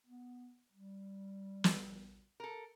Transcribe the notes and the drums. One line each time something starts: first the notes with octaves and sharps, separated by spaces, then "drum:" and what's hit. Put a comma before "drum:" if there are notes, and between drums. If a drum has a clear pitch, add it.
B3
G3
drum: snare
A4 A#4